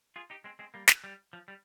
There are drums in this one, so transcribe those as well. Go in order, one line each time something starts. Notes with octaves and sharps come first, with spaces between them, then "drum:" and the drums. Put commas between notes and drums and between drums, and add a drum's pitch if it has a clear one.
F4 G#4
D#4 G4
G#3 C4
G#3 C4
G3 A#3
drum: snare
G3
F3
G3